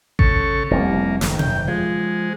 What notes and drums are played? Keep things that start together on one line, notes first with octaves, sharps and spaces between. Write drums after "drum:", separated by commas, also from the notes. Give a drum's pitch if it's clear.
C#3 A4 C#6, drum: kick A1
F1 C2 G3 A#3
F#1 A2 D#3, drum: snare
G5, drum: tom B2
F3 G#3